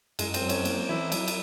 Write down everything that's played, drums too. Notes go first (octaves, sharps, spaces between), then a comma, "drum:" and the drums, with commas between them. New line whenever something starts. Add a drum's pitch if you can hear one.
F#2 G#3, drum: cymbal
C4, drum: cymbal
F#3
C#4, drum: cymbal
A#3, drum: cymbal
E3 E4
F#3 E4, drum: cymbal
drum: cymbal